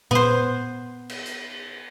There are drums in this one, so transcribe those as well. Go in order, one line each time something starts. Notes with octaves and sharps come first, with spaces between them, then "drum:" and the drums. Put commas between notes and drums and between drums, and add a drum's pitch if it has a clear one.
B3 C5, drum: tom A#2
drum: cymbal
drum: hi-hat